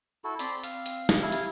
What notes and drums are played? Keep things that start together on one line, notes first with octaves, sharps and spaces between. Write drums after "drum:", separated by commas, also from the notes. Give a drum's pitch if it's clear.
E4 F#4 A4
C4 D5 B5 C6, drum: hi-hat
F5, drum: hi-hat
drum: hi-hat
drum: snare
E4 G4 E5 F5 G#5
drum: hi-hat